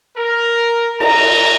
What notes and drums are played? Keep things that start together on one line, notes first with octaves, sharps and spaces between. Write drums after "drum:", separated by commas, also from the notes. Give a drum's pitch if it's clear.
A#4
A#5, drum: cymbal